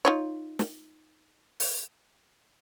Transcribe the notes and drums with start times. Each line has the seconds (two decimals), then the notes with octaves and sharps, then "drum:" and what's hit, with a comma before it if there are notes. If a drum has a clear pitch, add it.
0.05 D#4 F4 C#5
0.59 drum: snare
1.60 drum: open hi-hat